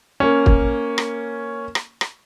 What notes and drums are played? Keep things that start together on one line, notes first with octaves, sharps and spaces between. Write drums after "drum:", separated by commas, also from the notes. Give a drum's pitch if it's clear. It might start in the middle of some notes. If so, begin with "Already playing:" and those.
A#3 C#4
drum: kick
drum: rim click
drum: rim click
drum: rim click